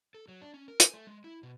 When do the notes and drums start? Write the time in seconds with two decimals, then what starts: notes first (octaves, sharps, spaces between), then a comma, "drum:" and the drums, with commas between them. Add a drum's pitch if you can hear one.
0.15 A4
0.28 F#3
0.42 D4
0.54 C#4
0.68 A#4
0.80 G#5, drum: hi-hat
0.94 A3
1.07 G#3
1.24 E4
1.43 B2